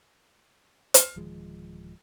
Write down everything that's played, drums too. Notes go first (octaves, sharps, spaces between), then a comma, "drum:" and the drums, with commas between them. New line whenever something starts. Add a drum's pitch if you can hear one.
drum: hi-hat
D1 D#3 F3 G#3